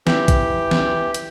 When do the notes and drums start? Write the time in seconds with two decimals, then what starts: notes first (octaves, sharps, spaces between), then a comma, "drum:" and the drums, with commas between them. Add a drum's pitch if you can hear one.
0.07 E3 G4, drum: snare
0.28 drum: kick, hi-hat
0.71 drum: snare
1.14 drum: hi-hat